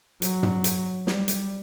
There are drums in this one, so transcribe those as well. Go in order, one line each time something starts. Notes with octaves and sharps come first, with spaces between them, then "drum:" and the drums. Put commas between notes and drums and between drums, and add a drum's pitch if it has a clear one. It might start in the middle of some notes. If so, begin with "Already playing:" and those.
F#3, drum: hi-hat
drum: tom
drum: hi-hat
G3, drum: snare
drum: hi-hat